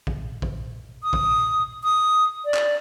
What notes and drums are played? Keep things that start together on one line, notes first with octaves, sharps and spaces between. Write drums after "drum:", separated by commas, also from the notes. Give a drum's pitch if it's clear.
drum: kick
drum: kick
D#6
drum: kick
D#6
D5
drum: clap